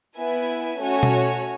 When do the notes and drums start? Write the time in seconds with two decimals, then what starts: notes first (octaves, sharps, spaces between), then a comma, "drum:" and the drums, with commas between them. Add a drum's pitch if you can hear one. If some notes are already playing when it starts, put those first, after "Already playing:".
0.17 B3 E4 B4 E5 G#5
0.81 A3 C#4 F#4 C#5 G#5
1.03 drum: tom B2